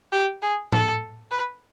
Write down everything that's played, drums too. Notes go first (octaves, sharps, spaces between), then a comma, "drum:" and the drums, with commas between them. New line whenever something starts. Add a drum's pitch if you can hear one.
G4
G#4
A4, drum: tom A2
B4